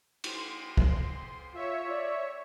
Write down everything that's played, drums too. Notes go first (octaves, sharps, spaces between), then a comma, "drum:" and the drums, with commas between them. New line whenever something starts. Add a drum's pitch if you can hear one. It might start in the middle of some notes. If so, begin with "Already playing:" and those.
C6, drum: cymbal
drum: kick
F4 C#5 E5
D5